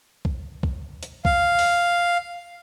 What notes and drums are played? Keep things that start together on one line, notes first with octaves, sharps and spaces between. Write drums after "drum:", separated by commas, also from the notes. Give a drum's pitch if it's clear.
drum: kick B1
drum: kick B1
drum: hi-hat
F5, drum: kick B1
drum: open hi-hat